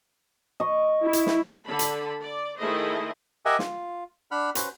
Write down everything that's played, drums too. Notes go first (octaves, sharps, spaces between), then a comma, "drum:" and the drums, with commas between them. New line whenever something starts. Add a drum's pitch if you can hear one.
D#5 C#6
E4
drum: hi-hat
drum: snare
D3 A5 B5
drum: hi-hat
D5
D#3 A3 E4 G#4 C5 D#5
G4 A#4 D#5 E5 F#5 G#5
F4, drum: snare
D4 F#5 B5 F6
C#4 F#4 B4 C5, drum: hi-hat